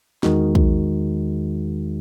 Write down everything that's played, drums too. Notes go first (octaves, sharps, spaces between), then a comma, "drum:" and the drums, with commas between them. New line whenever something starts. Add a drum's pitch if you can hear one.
E2 D#3 G#3 D#4 F#4, drum: snare
drum: kick